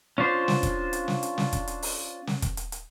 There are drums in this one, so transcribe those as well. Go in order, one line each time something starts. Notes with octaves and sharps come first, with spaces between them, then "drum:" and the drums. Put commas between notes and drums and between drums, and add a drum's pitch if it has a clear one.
C#4 D4 F4 C5
drum: snare
drum: kick, hi-hat
drum: hi-hat
drum: snare
drum: hi-hat
drum: snare
drum: kick, hi-hat
drum: hi-hat
drum: open hi-hat
drum: snare
drum: kick, hi-hat
drum: hi-hat
drum: hi-hat